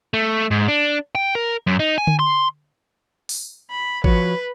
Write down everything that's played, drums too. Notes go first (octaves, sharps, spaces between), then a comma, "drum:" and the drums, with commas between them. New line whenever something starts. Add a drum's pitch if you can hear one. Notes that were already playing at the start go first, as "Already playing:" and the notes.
A3
G#2
D4
G5
A#4
F#2
D#4
G#5
drum: tom D3
C6
drum: open hi-hat
B5
F3 F#4 B4 C#5, drum: kick G#1